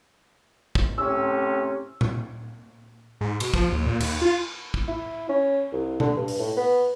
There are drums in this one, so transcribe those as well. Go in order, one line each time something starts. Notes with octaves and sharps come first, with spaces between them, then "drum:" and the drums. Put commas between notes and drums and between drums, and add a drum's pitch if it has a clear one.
drum: kick
A2 C3 C#4 E6
drum: tom A#2
G#2
B2, drum: cymbal
F3, drum: kick
D#2
A#2
D#2, drum: cymbal
F4
drum: kick
E4
C#4
C2
D3, drum: tom B2
G2
drum: open hi-hat
A2
B3